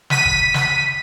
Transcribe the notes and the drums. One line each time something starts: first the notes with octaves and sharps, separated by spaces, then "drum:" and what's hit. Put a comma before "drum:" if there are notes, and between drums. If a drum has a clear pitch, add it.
B6 D#7, drum: snare
drum: kick F#1
drum: snare